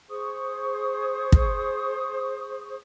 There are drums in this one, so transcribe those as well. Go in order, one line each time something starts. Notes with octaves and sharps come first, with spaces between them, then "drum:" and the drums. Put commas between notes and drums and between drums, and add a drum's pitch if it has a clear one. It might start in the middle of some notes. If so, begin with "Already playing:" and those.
G#4 C5 C#6 D#6
drum: kick